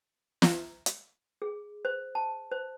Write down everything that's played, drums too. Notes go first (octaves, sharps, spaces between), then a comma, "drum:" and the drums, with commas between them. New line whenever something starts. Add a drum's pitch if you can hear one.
drum: snare
drum: hi-hat
G#4
C5
A5
C5